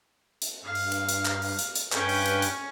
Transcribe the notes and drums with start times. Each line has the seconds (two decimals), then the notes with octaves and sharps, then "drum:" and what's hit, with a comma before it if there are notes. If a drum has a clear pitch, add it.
0.42 drum: hi-hat
0.64 G2 F5
0.75 drum: open hi-hat
0.92 drum: hi-hat
1.09 drum: hi-hat
1.25 drum: clap
1.42 drum: open hi-hat
1.59 drum: hi-hat
1.75 drum: hi-hat
1.92 G2 C#4 B4 G5, drum: clap
2.09 drum: open hi-hat
2.26 drum: hi-hat
2.42 drum: hi-hat